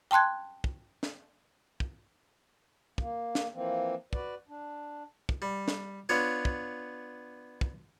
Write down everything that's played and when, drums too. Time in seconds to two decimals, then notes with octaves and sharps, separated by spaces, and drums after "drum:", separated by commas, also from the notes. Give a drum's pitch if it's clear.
0.11 G5 A5 C6 F#6 G#6
0.64 drum: kick
1.03 drum: snare
1.80 drum: kick
2.98 A#3, drum: kick
3.35 drum: snare
3.53 E3 F3 A#3 C4
4.13 F#4 B4 D5, drum: kick
4.48 D4
5.29 drum: kick
5.42 G3
5.68 drum: snare
6.09 B3 D4 F4 C#5
6.45 drum: kick
7.61 drum: kick